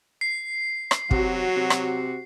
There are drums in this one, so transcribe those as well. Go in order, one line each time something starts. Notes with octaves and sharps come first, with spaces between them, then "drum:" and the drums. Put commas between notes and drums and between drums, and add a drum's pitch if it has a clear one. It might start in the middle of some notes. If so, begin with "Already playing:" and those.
C7
drum: rim click
C3 F#3 F#4, drum: kick
C3
drum: rim click